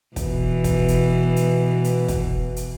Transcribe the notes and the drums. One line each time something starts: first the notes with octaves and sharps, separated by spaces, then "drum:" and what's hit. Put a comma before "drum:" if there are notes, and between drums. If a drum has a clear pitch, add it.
B2 E3, drum: kick, hi-hat
drum: kick, hi-hat
drum: hi-hat
drum: hi-hat
drum: hi-hat
drum: kick, hi-hat
drum: hi-hat